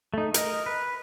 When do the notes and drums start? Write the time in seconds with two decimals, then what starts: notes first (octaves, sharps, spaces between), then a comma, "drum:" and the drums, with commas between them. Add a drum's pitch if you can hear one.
0.14 A3 D#4
0.34 A#4 D#5, drum: hi-hat
0.66 B4